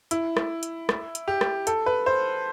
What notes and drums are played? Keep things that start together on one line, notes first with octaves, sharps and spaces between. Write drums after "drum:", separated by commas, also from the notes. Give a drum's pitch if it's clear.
E4, drum: hi-hat
drum: rim click
drum: hi-hat
drum: rim click
drum: hi-hat
G4
drum: rim click
A4, drum: hi-hat
B4
C5